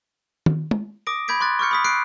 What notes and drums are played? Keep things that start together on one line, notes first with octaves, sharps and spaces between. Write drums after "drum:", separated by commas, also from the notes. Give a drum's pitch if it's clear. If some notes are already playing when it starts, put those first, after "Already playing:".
drum: tom
drum: tom
D6 D#6 A#6 D7
B5 G6 G#6 B6 D7
C6 D6 F#6 A6
C#6 D6 F6 G6 C#7
B5 D#6 B6
F#6 C7 D7